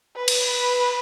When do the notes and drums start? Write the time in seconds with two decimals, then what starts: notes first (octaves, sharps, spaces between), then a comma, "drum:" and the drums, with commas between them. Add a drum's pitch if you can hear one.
0.15 B4
0.28 drum: cymbal
0.54 B4